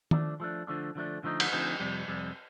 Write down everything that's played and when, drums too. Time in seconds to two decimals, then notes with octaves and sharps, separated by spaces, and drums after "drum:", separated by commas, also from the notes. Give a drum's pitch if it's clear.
0.11 F3 A3 D4, drum: tom D#3
0.40 F3 A3 D4
0.67 D3 F3 A3 D4
0.95 D3 F3 A3 D4
1.23 D3 F3 A3 C4 D#4
1.40 drum: cymbal
1.52 D3 F3 A3 C4 D#4
1.80 F2 C3 G3
2.08 F2 C3 G3